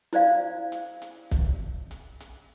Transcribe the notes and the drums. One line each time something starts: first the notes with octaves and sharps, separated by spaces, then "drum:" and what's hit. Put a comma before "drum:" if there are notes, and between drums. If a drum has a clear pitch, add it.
E4 C5 D5 F5, drum: hi-hat
drum: hi-hat
drum: hi-hat
drum: kick, hi-hat
drum: hi-hat
drum: hi-hat